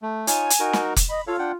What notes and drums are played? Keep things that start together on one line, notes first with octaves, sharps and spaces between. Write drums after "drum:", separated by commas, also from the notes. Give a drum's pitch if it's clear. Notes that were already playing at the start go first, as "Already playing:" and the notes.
A3
D#4 F4 C#5 G#5, drum: hi-hat
drum: hi-hat
D#4 F#4 A#4
drum: snare
drum: kick F1, hi-hat
D#5 B5
F4 A4 C#5 F5
D4 F#5 G5